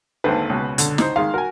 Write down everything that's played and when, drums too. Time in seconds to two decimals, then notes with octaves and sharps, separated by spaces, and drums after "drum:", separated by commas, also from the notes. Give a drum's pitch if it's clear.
0.24 G#1 D#2 D3 B4 C5
0.50 C#2 B2
0.78 D3, drum: hi-hat
0.98 D#4 C5, drum: snare
1.16 D#3 G#3 F5 C6
1.34 F#4 A#4 G#5